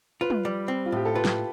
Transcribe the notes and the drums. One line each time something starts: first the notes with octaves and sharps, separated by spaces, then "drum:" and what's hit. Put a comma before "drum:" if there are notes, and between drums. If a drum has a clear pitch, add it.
F4 B4
drum: tom
G3
C4
F4
A2 G4
A4
F4 B4
drum: snare